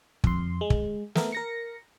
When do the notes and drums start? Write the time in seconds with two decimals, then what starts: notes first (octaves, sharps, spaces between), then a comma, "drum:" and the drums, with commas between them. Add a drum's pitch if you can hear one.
0.24 F2 C6, drum: kick
0.61 G#3
0.70 drum: kick
1.15 A3 B3 A#4, drum: snare
1.32 A#4 A#6 C#7